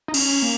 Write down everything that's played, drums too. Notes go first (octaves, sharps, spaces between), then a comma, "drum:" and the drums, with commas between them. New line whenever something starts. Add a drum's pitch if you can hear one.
D#4
C#4, drum: cymbal
A#3